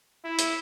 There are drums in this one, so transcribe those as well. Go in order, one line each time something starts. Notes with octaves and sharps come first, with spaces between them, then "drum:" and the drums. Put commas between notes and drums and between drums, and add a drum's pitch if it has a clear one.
E4
drum: hi-hat